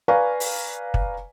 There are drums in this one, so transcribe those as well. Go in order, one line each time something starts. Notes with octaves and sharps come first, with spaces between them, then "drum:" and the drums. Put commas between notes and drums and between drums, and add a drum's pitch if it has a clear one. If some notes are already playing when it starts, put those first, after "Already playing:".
B4 D5 F5 G#5 A#5 C#6
drum: open hi-hat
drum: kick